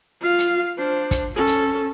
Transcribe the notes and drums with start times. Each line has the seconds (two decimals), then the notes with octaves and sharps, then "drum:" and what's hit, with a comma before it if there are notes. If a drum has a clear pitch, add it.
0.21 F4 F5
0.39 drum: hi-hat
0.78 D4 C5
1.11 drum: kick, hi-hat
1.35 C#4 A4
1.47 drum: hi-hat